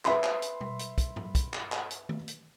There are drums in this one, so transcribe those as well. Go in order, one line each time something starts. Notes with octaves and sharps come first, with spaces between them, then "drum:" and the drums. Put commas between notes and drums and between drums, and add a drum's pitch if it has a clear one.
B4 E5 B5 C6, drum: clap
drum: clap
drum: hi-hat
drum: tom B2
drum: hi-hat
drum: kick, hi-hat
drum: tom G2
drum: kick, hi-hat
drum: clap
drum: clap
drum: hi-hat
drum: tom D#3
drum: hi-hat